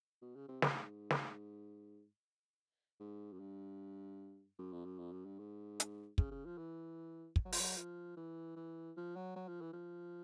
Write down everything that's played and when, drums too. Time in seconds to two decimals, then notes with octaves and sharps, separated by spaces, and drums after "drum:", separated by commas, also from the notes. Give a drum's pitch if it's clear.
0.22 B2
0.36 C#3
0.48 C3
0.62 G#2, drum: snare
1.10 drum: snare
3.00 G#2
3.32 F#2
3.40 G2
4.59 F#2
4.73 F2
4.85 F#2
4.99 F2
5.12 F#2
5.25 G2
5.39 G#2
5.80 drum: hi-hat
6.18 C#3, drum: kick
6.31 C#3
6.45 F3
6.57 E3
7.36 drum: kick
7.45 F#3
7.52 F3, drum: open hi-hat
7.60 F#3
7.77 F3
8.17 E3
8.56 E3
8.97 F3
9.16 F#3
9.36 F#3
9.48 F3
9.61 E3
9.73 F3